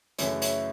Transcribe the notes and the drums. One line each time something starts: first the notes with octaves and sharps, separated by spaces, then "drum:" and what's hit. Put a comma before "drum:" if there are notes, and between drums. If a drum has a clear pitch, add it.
F#2 C#3 E3 A3 C#5 E5, drum: hi-hat
C#5 E5, drum: hi-hat